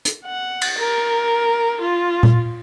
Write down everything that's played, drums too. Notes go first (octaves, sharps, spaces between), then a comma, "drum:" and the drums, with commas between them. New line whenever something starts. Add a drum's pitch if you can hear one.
drum: hi-hat
F#5
drum: cymbal
A#4
F4
drum: tom A#2